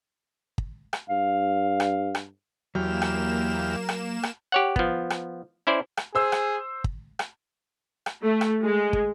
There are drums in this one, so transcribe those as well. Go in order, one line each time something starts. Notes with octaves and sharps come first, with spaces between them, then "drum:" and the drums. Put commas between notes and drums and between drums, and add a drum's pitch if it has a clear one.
drum: kick
drum: rim click
G2 F5
drum: rim click
drum: rim click
E2 F#3 A#3 G4 F6 E7
drum: rim click
drum: rim click
drum: rim click
G4 C#5 F#5
F3 B3, drum: kick
drum: rim click
C#4 E4 C5 D5
drum: rim click
G#4 C5 E6
drum: rim click
drum: kick
drum: rim click
drum: rim click
A3
drum: rim click
G#3
drum: kick